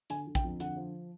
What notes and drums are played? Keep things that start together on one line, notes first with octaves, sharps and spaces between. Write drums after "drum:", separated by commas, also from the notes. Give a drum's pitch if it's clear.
D3 G#5, drum: hi-hat
D3
G5, drum: kick, hi-hat
F2
D3 F#5, drum: hi-hat
F3